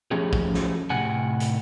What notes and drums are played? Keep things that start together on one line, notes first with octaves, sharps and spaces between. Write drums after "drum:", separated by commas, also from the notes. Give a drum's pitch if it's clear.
F3 A3 C#4 G4 G#4
drum: kick
drum: snare
A2 C3 F#5 G#5
drum: hi-hat